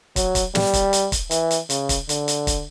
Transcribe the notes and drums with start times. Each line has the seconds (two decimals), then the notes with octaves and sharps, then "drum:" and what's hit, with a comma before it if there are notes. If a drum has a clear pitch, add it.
0.16 F#3, drum: kick, hi-hat
0.35 drum: kick, hi-hat
0.55 G3, drum: snare
0.73 drum: kick, hi-hat
0.93 drum: hi-hat
1.12 drum: kick, hi-hat
1.31 E3, drum: hi-hat
1.51 drum: hi-hat
1.70 C#3, drum: hi-hat
1.89 drum: kick, hi-hat
2.09 D3, drum: hi-hat
2.28 drum: hi-hat
2.47 drum: kick, hi-hat